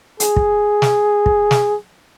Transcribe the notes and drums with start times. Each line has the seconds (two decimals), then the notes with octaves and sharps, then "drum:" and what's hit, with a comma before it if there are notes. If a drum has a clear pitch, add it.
0.20 G#4, drum: hi-hat
0.36 drum: kick
0.82 drum: snare
1.26 drum: kick
1.51 drum: snare